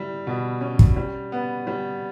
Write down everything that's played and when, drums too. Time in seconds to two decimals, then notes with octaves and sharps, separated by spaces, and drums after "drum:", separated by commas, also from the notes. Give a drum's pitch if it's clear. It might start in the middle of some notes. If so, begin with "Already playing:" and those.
Already playing: G3 E4
0.27 B2
0.61 C#4
0.79 drum: kick
0.96 G3
1.32 B3
1.67 G3